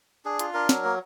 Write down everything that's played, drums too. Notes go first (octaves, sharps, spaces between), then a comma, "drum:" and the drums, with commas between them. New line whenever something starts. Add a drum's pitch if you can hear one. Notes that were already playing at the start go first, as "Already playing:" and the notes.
D4 G#4
F4, drum: hi-hat
D4 A#4
F#3, drum: snare
A#3